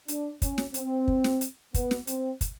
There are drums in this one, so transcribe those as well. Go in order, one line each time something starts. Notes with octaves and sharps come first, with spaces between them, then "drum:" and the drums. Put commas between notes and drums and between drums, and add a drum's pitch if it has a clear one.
D4, drum: hi-hat
C#4, drum: kick, hi-hat
drum: snare
C4, drum: hi-hat
drum: kick
drum: snare
drum: hi-hat
B3, drum: kick, hi-hat
drum: snare
C4, drum: hi-hat
drum: kick, hi-hat